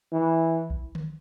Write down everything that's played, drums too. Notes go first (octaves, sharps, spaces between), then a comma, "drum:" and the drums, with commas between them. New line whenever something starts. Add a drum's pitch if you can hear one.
E3
drum: kick A#1
drum: tom D3